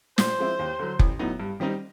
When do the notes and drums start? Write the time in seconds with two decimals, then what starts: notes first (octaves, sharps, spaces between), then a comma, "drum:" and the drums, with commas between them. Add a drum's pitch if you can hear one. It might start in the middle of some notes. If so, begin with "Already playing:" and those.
0.18 A#2 C5, drum: snare
0.39 F3 G#3 C4 E4
0.59 D#2
0.79 D3 F#3
0.99 A1, drum: kick F1
1.19 A2 F#3 B3 D#4
1.40 G2
1.60 D#3 G3 C4 D#4